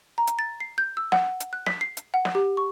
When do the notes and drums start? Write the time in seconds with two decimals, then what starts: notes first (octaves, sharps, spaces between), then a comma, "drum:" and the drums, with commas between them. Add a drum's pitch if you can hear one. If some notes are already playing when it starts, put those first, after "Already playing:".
0.18 A#5
0.27 drum: hi-hat
0.39 A6
0.60 C7
0.78 G6
0.97 E6
1.12 F#5, drum: snare
1.40 drum: hi-hat
1.53 F#6
1.66 B6, drum: snare
1.81 C7
1.97 drum: hi-hat
2.14 F#5
2.25 drum: snare
2.35 G4
2.57 C#6